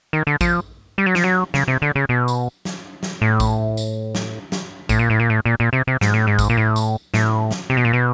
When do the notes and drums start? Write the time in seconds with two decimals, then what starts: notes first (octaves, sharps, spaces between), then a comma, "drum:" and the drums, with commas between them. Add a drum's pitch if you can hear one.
0.13 D#3
0.27 D3
0.41 F3, drum: kick A1, tambourine
0.98 G3
1.06 F#3
1.15 F3, drum: snare
1.24 F#3
1.54 C#3, drum: snare
1.68 C3
1.82 D3
1.95 C#3
2.09 B2
2.28 drum: tambourine
2.65 drum: snare
3.03 drum: snare
3.22 A2
3.40 drum: kick A1, tambourine
3.77 drum: tambourine
4.15 drum: snare
4.52 drum: snare
4.89 A2, drum: kick A1, tambourine
4.99 A#2
5.10 A2
5.20 A#2
5.30 A2
5.45 A#2
5.60 A#2
5.73 C3
5.87 C3
6.01 G#2, drum: snare
6.14 A2
6.27 G#2
6.39 drum: kick A1, tambourine
6.50 A#2
6.57 A2
6.76 drum: tambourine
7.14 A2, drum: snare
7.51 drum: snare
7.70 C3
7.77 B2
7.85 A#2
7.93 B2